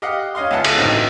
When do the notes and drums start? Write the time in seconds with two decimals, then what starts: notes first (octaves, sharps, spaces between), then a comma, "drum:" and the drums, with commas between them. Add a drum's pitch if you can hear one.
0.02 G4 D#5 F5 F#5
0.35 C#4 D#5 F5 C6
0.51 C#2 B3 F4 E5 F#5 A5
0.65 A4, drum: cymbal
0.77 A1 D3 C4 D#4